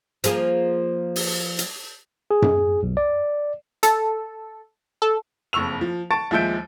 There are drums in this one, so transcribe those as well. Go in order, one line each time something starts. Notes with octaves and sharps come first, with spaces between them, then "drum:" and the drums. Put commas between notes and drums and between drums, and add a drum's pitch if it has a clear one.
F3 A#3 G#4, drum: hi-hat
drum: open hi-hat
drum: hi-hat
G#4
drum: tom F#2
B1
D5
A4, drum: hi-hat
A4
F#1 F2 C#6 E6 F7
F3
A5 C#6 A6 D7
D#2 F3 G#3 E5 G6 D7